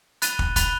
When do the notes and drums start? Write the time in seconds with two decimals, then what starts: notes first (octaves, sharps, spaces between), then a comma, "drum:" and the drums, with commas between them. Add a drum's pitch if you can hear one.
0.22 B5 F#6 A6 D#7 G7, drum: hi-hat
0.39 drum: kick
0.56 B5 F#6 A6 D#7 G7, drum: kick, hi-hat